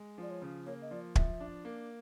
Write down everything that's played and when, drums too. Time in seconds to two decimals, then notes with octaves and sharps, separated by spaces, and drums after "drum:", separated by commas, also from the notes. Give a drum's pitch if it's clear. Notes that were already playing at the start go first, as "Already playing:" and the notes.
Already playing: G#3
0.18 F3 D5
0.30 C#5
0.42 C#3
0.66 A#3 C#5
0.82 D#5
0.91 F3 D5
1.15 F3 E5, drum: kick
1.40 D4
1.65 A#3